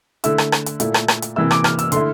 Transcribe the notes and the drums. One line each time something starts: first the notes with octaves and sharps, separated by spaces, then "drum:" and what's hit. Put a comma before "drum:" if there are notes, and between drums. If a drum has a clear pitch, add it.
D3 A3 E4 E6, drum: hi-hat
drum: rim click
drum: rim click
drum: hi-hat
A#2 A3 E4, drum: hi-hat
drum: rim click
drum: rim click
drum: hi-hat
C3 E3 A#3 E4 E6
D6, drum: rim click
F6, drum: rim click
E6, drum: hi-hat
D3 A3 E4 C6, drum: hi-hat